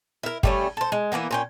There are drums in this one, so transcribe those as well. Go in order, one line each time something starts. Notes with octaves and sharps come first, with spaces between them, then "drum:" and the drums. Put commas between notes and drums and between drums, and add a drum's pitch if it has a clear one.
E4 A#4
G3 A3 C#4, drum: kick
A4 C5
G#3
E3 G#3 A#3 B3
A#2 C#4 G5